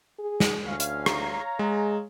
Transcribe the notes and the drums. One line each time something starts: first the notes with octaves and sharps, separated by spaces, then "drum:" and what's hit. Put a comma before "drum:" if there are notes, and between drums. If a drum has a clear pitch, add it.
G#4
drum: snare
D2 C#4 F5
drum: hi-hat
C#5 F5 A#5, drum: rim click
G#3 G#4